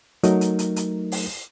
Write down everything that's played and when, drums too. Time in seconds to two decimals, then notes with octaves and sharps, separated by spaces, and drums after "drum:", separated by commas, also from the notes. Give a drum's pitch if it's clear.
0.23 F#3 A3 D#4 A#4, drum: hi-hat
0.41 drum: hi-hat
0.59 drum: hi-hat
0.76 drum: hi-hat
1.12 drum: open hi-hat